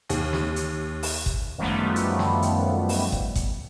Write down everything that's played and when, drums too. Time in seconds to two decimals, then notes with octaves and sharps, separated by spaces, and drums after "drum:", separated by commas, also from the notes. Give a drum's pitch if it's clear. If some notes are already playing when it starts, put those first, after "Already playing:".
0.10 D#2, drum: hi-hat
0.33 drum: snare
0.56 drum: hi-hat
1.03 drum: open hi-hat
1.26 drum: kick F#1
1.58 F#2 D#3 F3 G3 A3 B3
1.96 drum: hi-hat
2.19 drum: snare
2.42 drum: hi-hat
2.89 drum: open hi-hat
3.12 drum: kick F#1
3.35 drum: kick F#1, hi-hat